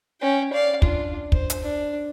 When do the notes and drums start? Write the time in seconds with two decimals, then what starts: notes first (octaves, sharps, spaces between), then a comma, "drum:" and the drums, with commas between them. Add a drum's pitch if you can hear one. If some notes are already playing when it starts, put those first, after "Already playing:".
0.21 C#4 G5
0.53 D5 F5
0.82 D4 F4, drum: kick
1.32 C5, drum: kick
1.50 drum: hi-hat
1.62 D4